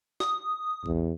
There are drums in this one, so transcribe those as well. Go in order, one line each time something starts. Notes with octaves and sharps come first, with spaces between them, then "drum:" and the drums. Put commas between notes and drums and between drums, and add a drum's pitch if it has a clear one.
D#6, drum: snare
E2, drum: kick